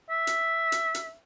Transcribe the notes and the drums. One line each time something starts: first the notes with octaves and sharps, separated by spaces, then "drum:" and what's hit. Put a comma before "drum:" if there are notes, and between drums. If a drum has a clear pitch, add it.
E5
drum: hi-hat
drum: hi-hat
drum: hi-hat